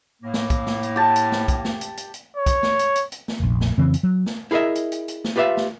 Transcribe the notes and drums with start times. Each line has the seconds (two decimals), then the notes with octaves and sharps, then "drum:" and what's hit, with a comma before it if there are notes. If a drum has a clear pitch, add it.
0.23 A2 A#3
0.34 drum: snare
0.50 drum: kick, hi-hat
0.67 drum: snare
0.83 drum: hi-hat
0.96 G4 A5
1.16 drum: hi-hat
1.32 drum: snare
1.48 drum: kick, hi-hat
1.65 drum: snare
1.81 drum: hi-hat
1.97 drum: hi-hat
2.14 drum: hi-hat
2.37 C#5
2.46 drum: kick, hi-hat
2.63 drum: snare
2.79 drum: hi-hat
2.96 drum: hi-hat
3.12 drum: hi-hat
3.28 drum: snare
3.40 F1 A#1
3.61 drum: snare
3.77 F2 C#3 E3 C4
3.94 drum: hi-hat
4.03 F#3
4.26 drum: snare
4.51 E4 G#4 A#4 D#5 E5
4.75 drum: hi-hat
4.92 drum: hi-hat
5.08 drum: hi-hat
5.24 drum: snare
5.36 F4 G4 B4 D5 E5 F5
5.57 drum: snare